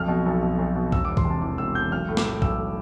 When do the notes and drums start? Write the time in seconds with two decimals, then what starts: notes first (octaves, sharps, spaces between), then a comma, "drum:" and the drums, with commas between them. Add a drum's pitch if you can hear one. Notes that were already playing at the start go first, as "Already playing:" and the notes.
Already playing: B1 F2 F6
0.08 B2
0.26 B1
0.43 B2
0.59 B1
0.75 B2
0.92 E1 E6, drum: kick B1
1.05 E2 D6
1.17 C6, drum: kick B1
1.25 C3
1.30 A5
1.42 E3 D6
1.58 E1 E6
1.75 E2 G6
1.92 B1 F6
2.09 A2
2.17 D6, drum: snare
2.26 E3
2.42 B1 E6, drum: kick B1